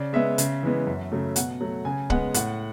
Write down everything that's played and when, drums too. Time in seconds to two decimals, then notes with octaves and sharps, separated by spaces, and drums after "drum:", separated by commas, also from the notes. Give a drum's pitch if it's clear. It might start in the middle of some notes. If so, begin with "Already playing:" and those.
Already playing: C#3 D5
0.13 G#3 B3 E5
0.38 C#3, drum: hi-hat
0.63 E3 G#3 B3
0.87 F#2
1.12 C#3 F#3 A3
1.36 B2 F#5, drum: hi-hat
1.61 F#3 A3
1.85 C#3 G#5
2.10 G#3 B3 F#5, drum: kick
2.34 A2 F#5, drum: hi-hat